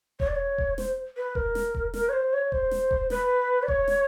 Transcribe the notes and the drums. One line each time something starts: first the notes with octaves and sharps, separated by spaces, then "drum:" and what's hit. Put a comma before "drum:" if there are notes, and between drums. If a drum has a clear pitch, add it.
C#5, drum: kick E1
D5
C#5
drum: kick E1
C5, drum: snare
B4
A#4, drum: kick E1
drum: snare
drum: kick E1
A#4, drum: snare
C#5
C5
C#5
C5, drum: kick E1
drum: snare
drum: kick E1
B4, drum: snare
D5
C#5, drum: kick E1
drum: snare